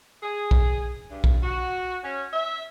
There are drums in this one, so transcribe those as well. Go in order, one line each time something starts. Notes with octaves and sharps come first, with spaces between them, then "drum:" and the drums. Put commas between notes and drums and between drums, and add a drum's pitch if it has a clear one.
G#4
drum: kick
G2
drum: kick
F#4
C#4
E5